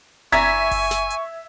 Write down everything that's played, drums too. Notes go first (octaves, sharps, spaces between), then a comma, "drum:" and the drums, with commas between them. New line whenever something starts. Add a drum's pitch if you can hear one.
E3 D5 E5 G#5 A#5 C#6 G#6 B6, drum: kick F#1, hi-hat
drum: kick F#1, open hi-hat
drum: snare
drum: hi-hat